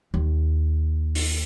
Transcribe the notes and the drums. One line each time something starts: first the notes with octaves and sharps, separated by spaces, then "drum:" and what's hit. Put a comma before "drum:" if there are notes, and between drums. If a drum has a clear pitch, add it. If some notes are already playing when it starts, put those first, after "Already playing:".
D#2
drum: open hi-hat